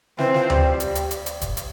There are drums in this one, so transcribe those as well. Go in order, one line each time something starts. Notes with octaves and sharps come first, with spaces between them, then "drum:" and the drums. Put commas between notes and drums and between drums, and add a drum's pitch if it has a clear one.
E3 C4, drum: snare
F3, drum: snare
G3, drum: tom D2
G3
drum: hi-hat
drum: hi-hat
drum: hi-hat
drum: hi-hat
drum: kick, hi-hat
drum: hi-hat